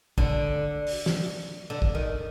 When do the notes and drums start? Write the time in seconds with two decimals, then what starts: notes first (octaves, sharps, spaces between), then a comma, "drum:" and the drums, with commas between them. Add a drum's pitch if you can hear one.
0.18 D3, drum: kick
0.87 drum: open hi-hat
1.06 drum: snare
1.70 D3
1.82 drum: kick
1.95 D#3